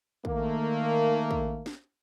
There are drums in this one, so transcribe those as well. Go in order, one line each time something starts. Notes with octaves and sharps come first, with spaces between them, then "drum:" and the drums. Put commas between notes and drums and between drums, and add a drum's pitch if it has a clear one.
D#3 A3 A#3, drum: kick
drum: kick
drum: snare